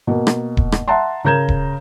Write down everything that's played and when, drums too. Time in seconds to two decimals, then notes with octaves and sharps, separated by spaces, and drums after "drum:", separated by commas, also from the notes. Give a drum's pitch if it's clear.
0.07 B2 A#3
0.27 drum: rim click
0.57 drum: kick D#1
0.72 drum: rim click
0.88 E5 F#5 A5 A#5 C6
1.25 C#3 A#4 A#5 G6 G#6 E7
1.48 drum: kick D#1